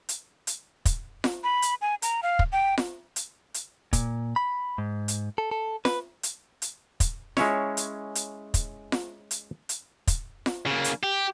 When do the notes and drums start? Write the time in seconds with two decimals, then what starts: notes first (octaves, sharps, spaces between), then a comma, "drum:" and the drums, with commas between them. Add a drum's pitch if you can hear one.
0.09 drum: hi-hat
0.47 drum: hi-hat
0.85 drum: kick, hi-hat
1.24 drum: snare F4
1.44 B5
1.62 drum: hi-hat
1.81 G#5
2.02 A#5, drum: hi-hat
2.23 F5
2.39 drum: kick
2.52 G5
2.78 drum: snare F4
3.16 drum: hi-hat
3.54 drum: hi-hat
3.93 A#2, drum: kick, hi-hat
4.36 B5
4.78 G#2
5.08 drum: hi-hat
5.38 A4
5.51 A4
5.85 B4, drum: snare F4
6.23 drum: hi-hat
6.62 drum: hi-hat
7.00 drum: kick, hi-hat
7.37 G#3 C#4 E4 C#5, drum: snare F4
7.77 drum: hi-hat
8.15 drum: hi-hat
8.54 drum: kick, hi-hat
8.92 drum: snare F4
9.31 drum: hi-hat
9.69 drum: hi-hat
10.07 drum: kick, hi-hat
10.46 drum: snare F4
10.66 C#3 A#3
10.84 drum: hi-hat
11.03 G4